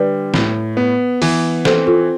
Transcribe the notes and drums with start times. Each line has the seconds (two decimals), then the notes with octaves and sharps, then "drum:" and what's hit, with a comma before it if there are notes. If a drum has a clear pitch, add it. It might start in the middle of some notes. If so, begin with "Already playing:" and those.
Already playing: D3 G3 B4 D5
0.34 A2, drum: snare
0.77 B3
1.22 E3, drum: open hi-hat
1.65 C4 A4 C5, drum: snare
1.87 F4 A4